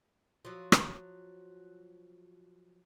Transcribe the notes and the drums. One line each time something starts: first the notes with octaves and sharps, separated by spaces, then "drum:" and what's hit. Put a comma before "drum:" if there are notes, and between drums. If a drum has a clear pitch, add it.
F3 F#3
drum: rim click